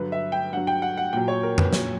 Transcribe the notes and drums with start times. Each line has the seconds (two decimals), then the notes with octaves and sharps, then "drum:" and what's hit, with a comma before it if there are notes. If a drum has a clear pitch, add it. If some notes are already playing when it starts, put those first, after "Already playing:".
Already playing: G2 D3 F#3 B4
0.12 E5
0.32 G5
0.52 G2 F#3 F#5
0.67 G5
0.82 F#5
0.97 F#5
1.13 A#2 F#3 G5
1.28 C#5
1.43 A#4
1.58 B4, drum: tom F2
1.73 A#2 F#3 C#5, drum: snare